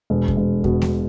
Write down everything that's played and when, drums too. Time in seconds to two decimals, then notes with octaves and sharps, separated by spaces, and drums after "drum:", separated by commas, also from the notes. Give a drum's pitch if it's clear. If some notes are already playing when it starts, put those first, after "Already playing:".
0.10 E1
0.28 drum: kick E2
0.37 E1
0.64 B2, drum: kick E2
0.82 drum: snare A3